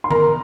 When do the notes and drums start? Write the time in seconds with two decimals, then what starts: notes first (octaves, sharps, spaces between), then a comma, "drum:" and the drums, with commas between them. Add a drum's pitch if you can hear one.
0.04 C6
0.11 A#4 A#5, drum: tom D#3